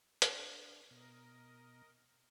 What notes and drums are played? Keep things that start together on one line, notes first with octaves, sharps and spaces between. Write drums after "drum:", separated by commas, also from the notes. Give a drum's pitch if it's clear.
D4, drum: hi-hat
B2 A#4 D#5